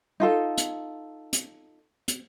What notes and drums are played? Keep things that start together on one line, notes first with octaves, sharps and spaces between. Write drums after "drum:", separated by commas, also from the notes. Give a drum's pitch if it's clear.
D#4 F4 A4
drum: hi-hat
drum: hi-hat
drum: hi-hat